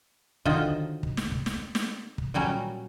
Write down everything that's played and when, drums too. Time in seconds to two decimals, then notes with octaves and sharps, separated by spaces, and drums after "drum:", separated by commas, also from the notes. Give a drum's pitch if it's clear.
0.45 D3 D#3 F#3 F4 C5 D#5, drum: kick
1.03 drum: kick
1.17 drum: snare
1.32 drum: kick
1.46 drum: snare
1.75 drum: snare
2.18 drum: kick
2.34 A#2 F#3 G3 C#4 A#5